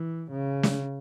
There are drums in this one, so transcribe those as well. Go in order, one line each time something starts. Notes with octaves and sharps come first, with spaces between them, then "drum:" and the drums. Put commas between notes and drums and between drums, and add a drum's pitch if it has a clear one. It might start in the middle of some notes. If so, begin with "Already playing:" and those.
Already playing: E3
C#3
drum: snare